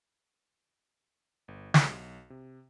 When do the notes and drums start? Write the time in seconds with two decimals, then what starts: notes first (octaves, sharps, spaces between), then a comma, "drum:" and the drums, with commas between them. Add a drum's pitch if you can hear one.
1.48 G1
1.74 B1, drum: snare
2.30 C3